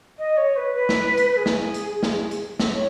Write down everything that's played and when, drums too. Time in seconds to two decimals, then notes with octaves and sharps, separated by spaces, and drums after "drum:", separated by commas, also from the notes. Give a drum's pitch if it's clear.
0.18 D#5
0.37 C#5
0.56 B4
0.75 B4
0.89 drum: snare
1.17 drum: hi-hat
1.32 B4
1.37 G#4
1.46 drum: snare
1.74 drum: hi-hat
2.03 drum: snare
2.31 drum: hi-hat
2.60 drum: snare
2.74 C#5